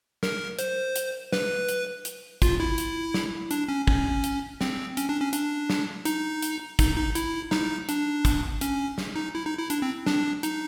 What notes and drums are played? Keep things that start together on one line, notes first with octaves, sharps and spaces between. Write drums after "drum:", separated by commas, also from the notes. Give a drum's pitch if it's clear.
A#4, drum: snare
C5, drum: hi-hat
drum: hi-hat
B4, drum: snare
drum: hi-hat
drum: hi-hat
F4, drum: kick, hi-hat
E4
drum: hi-hat
drum: snare
D4, drum: hi-hat
C#4
C#4, drum: kick
drum: hi-hat
C4, drum: snare
C#4, drum: hi-hat
D4
C#4
D4, drum: hi-hat
drum: snare
D#4, drum: hi-hat
drum: hi-hat
D#4, drum: kick, hi-hat
D#4
E4, drum: hi-hat
D#4, drum: snare
D4, drum: hi-hat
drum: kick, hi-hat
C#4, drum: hi-hat
drum: snare
D#4
E4
D#4
E4
D4, drum: hi-hat
C4
D4, drum: snare
D#4, drum: hi-hat